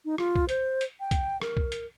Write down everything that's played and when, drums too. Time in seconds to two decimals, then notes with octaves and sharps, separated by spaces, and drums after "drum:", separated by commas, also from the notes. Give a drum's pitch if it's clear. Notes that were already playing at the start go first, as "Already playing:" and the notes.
0.05 D#4
0.18 F4, drum: rim click
0.36 drum: kick
0.49 C5, drum: hi-hat
0.81 drum: hi-hat
1.00 G5
1.11 drum: kick, hi-hat
1.42 A#4, drum: rim click
1.57 drum: kick
1.72 drum: hi-hat